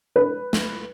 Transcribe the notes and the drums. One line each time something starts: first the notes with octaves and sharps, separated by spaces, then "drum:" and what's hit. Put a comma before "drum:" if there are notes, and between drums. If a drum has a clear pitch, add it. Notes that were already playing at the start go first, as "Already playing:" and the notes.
B4
drum: snare